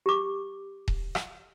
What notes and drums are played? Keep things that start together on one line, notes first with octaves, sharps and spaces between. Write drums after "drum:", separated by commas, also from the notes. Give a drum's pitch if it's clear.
G4 D6
drum: kick D#1
drum: rim click